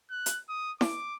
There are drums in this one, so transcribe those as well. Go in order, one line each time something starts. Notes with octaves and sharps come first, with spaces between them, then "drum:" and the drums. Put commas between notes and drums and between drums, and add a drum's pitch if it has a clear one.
F#6
drum: hi-hat
D#6
D6, drum: snare E4